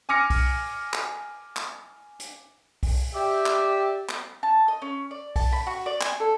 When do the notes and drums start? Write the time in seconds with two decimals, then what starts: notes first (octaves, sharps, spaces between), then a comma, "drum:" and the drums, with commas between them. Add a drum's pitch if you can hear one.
0.09 G#5 D6 F6 A#6 C#7
0.30 drum: kick B1, open hi-hat
0.93 drum: clap
1.56 drum: clap
2.20 drum: hi-hat
2.83 drum: kick B1, open hi-hat
3.14 G4 D5 E5
3.46 drum: clap
4.09 drum: clap
4.43 A5
4.68 D#5
4.82 C#4
5.11 D5
5.36 A5, drum: kick B1, open hi-hat
5.52 B5
5.67 F#4
5.86 D5
6.01 G#5, drum: clap
6.20 A4